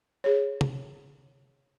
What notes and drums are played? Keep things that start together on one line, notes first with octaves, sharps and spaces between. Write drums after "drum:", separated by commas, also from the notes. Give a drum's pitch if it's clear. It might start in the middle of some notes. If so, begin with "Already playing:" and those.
G#4 C#5
drum: tom C3